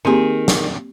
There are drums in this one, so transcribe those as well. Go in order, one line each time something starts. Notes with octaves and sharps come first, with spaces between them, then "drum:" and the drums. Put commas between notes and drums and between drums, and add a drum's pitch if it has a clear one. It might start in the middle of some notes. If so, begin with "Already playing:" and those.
D#3 A#3 C4 G4 G#4
drum: snare